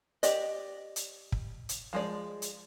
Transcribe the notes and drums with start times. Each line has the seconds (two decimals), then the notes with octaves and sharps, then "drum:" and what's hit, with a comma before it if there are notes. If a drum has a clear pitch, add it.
0.23 G4 D5 D#5, drum: hi-hat
0.96 drum: hi-hat
1.32 drum: kick
1.69 drum: hi-hat
1.93 F3 G#3 D5
2.42 drum: hi-hat